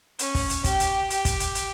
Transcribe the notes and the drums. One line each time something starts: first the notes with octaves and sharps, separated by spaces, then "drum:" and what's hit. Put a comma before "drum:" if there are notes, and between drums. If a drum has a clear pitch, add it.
C#4, drum: hi-hat
drum: kick, open hi-hat
drum: hi-hat
G4, drum: kick, hi-hat
drum: hi-hat
G4, drum: hi-hat
drum: kick, hi-hat
drum: hi-hat
drum: hi-hat